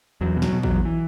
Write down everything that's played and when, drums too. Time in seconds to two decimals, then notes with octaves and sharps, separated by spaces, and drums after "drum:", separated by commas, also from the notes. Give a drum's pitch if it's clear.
0.21 E2 F#3
0.36 B2
0.42 F#3, drum: snare
0.53 B2
0.63 F#3, drum: kick
0.69 E2
0.85 E3